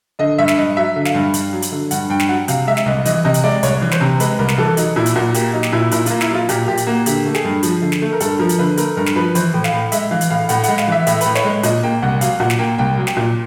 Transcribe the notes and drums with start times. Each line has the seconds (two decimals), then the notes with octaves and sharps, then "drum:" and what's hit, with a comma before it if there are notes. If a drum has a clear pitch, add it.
0.19 D3 D#5
0.38 G2 E5
0.48 drum: snare
0.57 G2 D#5
0.77 F#3 E5
0.96 D3
1.05 F5, drum: snare
1.14 G2
1.34 G2, drum: hi-hat
1.53 F#3
1.62 drum: hi-hat
1.72 D3
1.91 G2 F#5, drum: hi-hat
2.09 G2 G5
2.20 drum: snare
2.29 F#3 F#5
2.48 C3 F5, drum: hi-hat
2.67 G#3 E5
2.77 drum: snare
2.86 C2 D#5
3.05 E3 D#5, drum: hi-hat
3.25 C3 D#5
3.34 drum: hi-hat
3.43 G#3 D5
3.63 C2 C#5, drum: hi-hat
3.82 E3
3.91 C5, drum: snare
4.01 C3
4.20 G#3 B4, drum: hi-hat
4.39 C2 A#4
4.48 drum: snare
4.58 E3 A4
4.77 F#3 D#4, drum: hi-hat
4.96 A#2 E4
5.06 drum: hi-hat
5.15 A#2 F#4
5.34 A#3 G4, drum: hi-hat
5.53 F#3 D#4
5.63 drum: snare
5.72 A#2 E4
5.91 A#2 E4, drum: hi-hat
6.06 A#3 F4, drum: hi-hat
6.21 E4, drum: snare
6.30 F#3 F4
6.49 A#2 G4, drum: hi-hat
6.67 A#2 G4
6.77 drum: hi-hat
6.87 A#3 F#4
7.06 D3 G4, drum: hi-hat
7.25 A3
7.35 G#4, drum: snare
7.44 G2
7.63 F3, drum: hi-hat
7.82 D3
7.92 drum: snare
8.02 A3
8.12 A#4
8.20 G2 A4, drum: hi-hat
8.39 F3 A#4
8.49 drum: hi-hat
8.59 D3 B4
8.77 A3 A#4, drum: hi-hat
8.97 G2 A#4
9.06 drum: snare
9.16 F3 B4
9.35 E3 C5, drum: hi-hat
9.54 A2
9.64 F5, drum: snare
9.73 A2
9.92 G#3 E5, drum: hi-hat
10.11 E3 F5
10.21 drum: hi-hat
10.30 A2 F5
10.49 A2 F#5, drum: hi-hat
10.64 G#3 F#5, drum: hi-hat
10.78 F5, drum: snare
10.88 E3 E5
11.07 A2 E5, drum: hi-hat
11.21 A2 B4, drum: hi-hat
11.35 C#5, drum: snare
11.44 G#3
11.63 A#2 D#5, drum: hi-hat
11.83 A#3 G5
12.02 C2 F#5
12.21 F#3 F5, drum: hi-hat
12.40 A#2 F#5
12.50 drum: snare
12.59 A#3 G5
12.78 C2 G5
12.97 F#3
13.07 G5, drum: snare
13.17 A#2